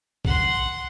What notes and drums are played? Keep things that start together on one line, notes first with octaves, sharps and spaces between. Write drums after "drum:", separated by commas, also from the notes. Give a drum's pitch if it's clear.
F#5 C6, drum: kick B1